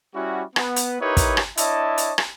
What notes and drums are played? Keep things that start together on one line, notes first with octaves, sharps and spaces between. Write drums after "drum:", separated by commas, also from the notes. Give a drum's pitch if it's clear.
G3 C#4 E4 F#4
B3, drum: rim click
drum: hi-hat
D#4 E4 G4 A#4 B4 C#5
drum: kick, hi-hat
drum: rim click
D4 E4 C#5 D#5 E5 A5, drum: hi-hat
drum: hi-hat
drum: rim click